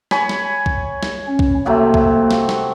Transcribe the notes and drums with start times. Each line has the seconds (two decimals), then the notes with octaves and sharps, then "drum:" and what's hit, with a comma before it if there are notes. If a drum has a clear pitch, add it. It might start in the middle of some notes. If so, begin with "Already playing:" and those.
0.11 C#5 G#5 B5, drum: snare
0.29 drum: snare
0.66 drum: kick B1
1.03 drum: snare
1.27 C#4
1.39 drum: kick B1
1.66 C3 F#3 A3 A#3
1.94 drum: kick B1
2.31 drum: snare
2.49 drum: snare